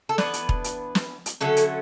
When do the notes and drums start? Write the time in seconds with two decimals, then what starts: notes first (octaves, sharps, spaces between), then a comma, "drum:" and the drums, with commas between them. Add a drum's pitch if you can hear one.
0.09 A4
0.18 E3 B3 D4 B4, drum: snare
0.34 drum: hi-hat
0.49 drum: kick E1
0.64 drum: hi-hat
0.95 drum: snare
1.26 drum: hi-hat
1.41 D3 F#3 A3 C#4 A4
1.57 drum: hi-hat